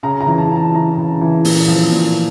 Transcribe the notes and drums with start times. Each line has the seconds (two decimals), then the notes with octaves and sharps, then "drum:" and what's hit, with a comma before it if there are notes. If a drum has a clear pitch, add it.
0.03 C#3 A#5
0.21 A#5
0.26 E3
0.38 A5
0.51 C#3
0.56 A5
0.75 E3 A#5
0.97 C#3
1.21 E3
1.45 A#2, drum: open hi-hat
1.68 F3
1.92 A#2